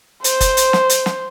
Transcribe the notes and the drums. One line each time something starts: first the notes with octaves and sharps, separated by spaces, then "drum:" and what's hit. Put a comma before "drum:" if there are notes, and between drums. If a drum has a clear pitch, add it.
C5, drum: hi-hat
drum: kick F#1, hi-hat
drum: hi-hat
drum: snare
drum: hi-hat
drum: snare